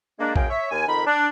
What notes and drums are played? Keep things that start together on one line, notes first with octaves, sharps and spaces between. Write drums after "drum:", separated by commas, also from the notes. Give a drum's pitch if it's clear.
G#3 A#3 D4
F#2 A#3 G#4 A#4 G5, drum: kick A#1
C#5 E5
D#2 G#5
F2 D#3 A#4 B5
D4